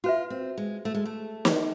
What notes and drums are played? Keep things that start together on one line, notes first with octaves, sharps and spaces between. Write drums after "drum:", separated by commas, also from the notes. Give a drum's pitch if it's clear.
F4 F#4 B4 E5
C4
G#3
A3
G#3
A3
drum: snare